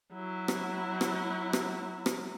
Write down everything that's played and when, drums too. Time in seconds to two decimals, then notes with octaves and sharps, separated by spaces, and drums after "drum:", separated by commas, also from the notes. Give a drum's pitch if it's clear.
0.13 F#3 E4
0.48 drum: rim click
1.01 drum: rim click
1.53 drum: rim click
2.06 drum: rim click